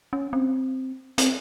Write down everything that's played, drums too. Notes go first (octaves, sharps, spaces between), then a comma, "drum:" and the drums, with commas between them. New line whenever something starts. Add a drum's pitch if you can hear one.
C#4
C4
C4, drum: hi-hat